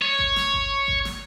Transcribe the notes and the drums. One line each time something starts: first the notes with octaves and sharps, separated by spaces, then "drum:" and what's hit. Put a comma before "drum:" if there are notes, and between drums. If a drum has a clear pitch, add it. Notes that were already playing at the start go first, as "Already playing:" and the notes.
C#5
drum: kick G#1
drum: snare
drum: kick G#1
drum: kick G#1
drum: snare